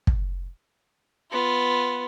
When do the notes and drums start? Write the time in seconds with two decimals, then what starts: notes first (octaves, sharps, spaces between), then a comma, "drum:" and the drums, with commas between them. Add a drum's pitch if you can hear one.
0.07 drum: kick
1.31 B3 F4